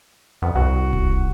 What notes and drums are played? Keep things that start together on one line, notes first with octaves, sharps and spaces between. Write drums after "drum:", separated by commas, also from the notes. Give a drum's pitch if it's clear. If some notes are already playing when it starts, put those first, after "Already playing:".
F2 B3
C2 F#4
drum: kick D1